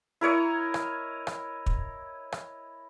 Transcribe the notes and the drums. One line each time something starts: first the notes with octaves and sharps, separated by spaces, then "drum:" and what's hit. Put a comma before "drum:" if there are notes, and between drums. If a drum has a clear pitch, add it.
E4 A#4 C#5 D#5
drum: rim click
drum: rim click
drum: kick
drum: rim click